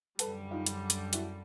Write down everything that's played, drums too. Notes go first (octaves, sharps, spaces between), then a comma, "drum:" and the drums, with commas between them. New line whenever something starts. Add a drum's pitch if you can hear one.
F#2 D3 G3 A4 B4, drum: hi-hat
D#4 F4
drum: hi-hat
drum: hi-hat
E4 F#4, drum: hi-hat